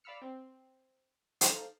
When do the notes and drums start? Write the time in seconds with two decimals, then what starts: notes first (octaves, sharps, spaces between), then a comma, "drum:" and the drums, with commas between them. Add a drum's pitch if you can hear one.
0.04 D5 F5 B5 E6 F6 C#7
0.22 C4
1.41 D#4 A4 C5 F5, drum: hi-hat